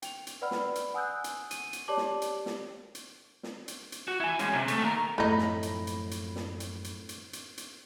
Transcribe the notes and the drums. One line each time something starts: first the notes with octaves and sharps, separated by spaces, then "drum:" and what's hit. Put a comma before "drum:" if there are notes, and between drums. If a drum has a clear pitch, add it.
G5 F7, drum: hi-hat
drum: hi-hat
B4 D5 F#5 B5 E6 F6
drum: snare
drum: hi-hat
F#5 G#5 D#6 E6 F#6 G6
drum: hi-hat
D#7, drum: hi-hat
drum: hi-hat
G4 C#5 D5 A5 D6 F#7
drum: snare
drum: hi-hat
drum: snare
drum: hi-hat
drum: snare
drum: hi-hat
drum: hi-hat
F#4
E4 G#5
G#3 C#4, drum: hi-hat
C3
A3, drum: hi-hat
D#2 A#4
F#2 A2 F3 A3 C4 D#4 B5 A#6
drum: snare
drum: hi-hat
drum: hi-hat
drum: hi-hat
drum: snare
drum: hi-hat
drum: hi-hat
drum: hi-hat
drum: hi-hat
drum: hi-hat